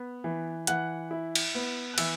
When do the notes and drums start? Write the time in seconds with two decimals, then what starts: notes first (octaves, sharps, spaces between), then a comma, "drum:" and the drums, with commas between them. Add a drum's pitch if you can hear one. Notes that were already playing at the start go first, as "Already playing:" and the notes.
Already playing: B3
0.24 E3
0.67 E3 F#5 F#6, drum: hi-hat
1.11 E4
1.35 drum: cymbal
1.55 B3
1.94 F#6
1.98 E3 E5 E6, drum: cymbal